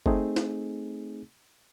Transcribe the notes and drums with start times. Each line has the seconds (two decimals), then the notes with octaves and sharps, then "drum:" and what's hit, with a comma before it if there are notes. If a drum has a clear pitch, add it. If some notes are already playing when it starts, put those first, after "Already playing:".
0.06 A3 C4 D#4 G#4, drum: kick F#1
0.36 drum: snare